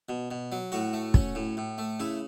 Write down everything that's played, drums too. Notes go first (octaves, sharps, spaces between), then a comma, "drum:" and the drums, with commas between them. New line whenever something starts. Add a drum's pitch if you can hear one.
B2
B2
F#3
A2 F#4
A3
C#4, drum: kick
A2
A2
A3
C#3 E4